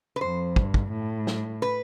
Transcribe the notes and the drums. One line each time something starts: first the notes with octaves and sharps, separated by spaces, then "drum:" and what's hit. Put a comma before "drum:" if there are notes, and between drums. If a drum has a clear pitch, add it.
B4
F2 C5
G2, drum: kick
drum: kick
A2
drum: snare
B4